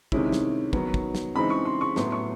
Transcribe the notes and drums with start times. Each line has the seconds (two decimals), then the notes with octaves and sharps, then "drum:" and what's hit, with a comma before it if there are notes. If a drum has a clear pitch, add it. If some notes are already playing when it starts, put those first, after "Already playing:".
0.12 C3 D#3 G#3 C#4 E4, drum: kick
0.32 drum: snare
0.73 D#3 F#3 B3, drum: kick
0.94 drum: kick
1.15 drum: snare
1.35 C#3 E3 G#3 C4 D#4 B5
1.50 C#6
1.65 C6
1.81 C#6
1.96 A2 F#3 B3 C6, drum: snare
2.12 C#6